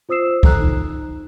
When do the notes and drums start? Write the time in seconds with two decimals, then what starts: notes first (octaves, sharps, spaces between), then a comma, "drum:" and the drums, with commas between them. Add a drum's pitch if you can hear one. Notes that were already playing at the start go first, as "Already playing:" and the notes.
0.09 F4 C5 D#6 E6 C7 E7
0.43 A4 A#5 F#6, drum: kick
0.60 D#4